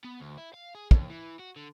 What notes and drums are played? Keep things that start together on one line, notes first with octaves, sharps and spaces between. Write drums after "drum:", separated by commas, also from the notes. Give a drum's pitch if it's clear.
B3
D2
E4
F5
G#4
D#2, drum: kick
E3
F#4
D3